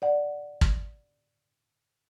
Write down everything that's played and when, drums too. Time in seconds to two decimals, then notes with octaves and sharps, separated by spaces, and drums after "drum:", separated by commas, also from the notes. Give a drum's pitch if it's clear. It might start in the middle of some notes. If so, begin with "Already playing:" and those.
0.02 D5 F#5
0.61 drum: kick